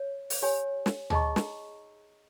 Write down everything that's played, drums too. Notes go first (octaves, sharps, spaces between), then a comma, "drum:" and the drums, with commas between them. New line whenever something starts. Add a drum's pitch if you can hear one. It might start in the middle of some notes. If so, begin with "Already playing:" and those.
Already playing: C#5
drum: open hi-hat
G4 C#5 G#5
drum: snare
D#4 G#4 D#5 A#5 C#6, drum: tom
drum: snare